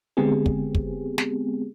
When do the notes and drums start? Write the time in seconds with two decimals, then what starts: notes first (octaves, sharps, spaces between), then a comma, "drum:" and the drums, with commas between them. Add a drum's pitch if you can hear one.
0.17 D3 G#3 B3 C4 G4 G#4
0.46 drum: kick
0.75 drum: kick
1.18 drum: snare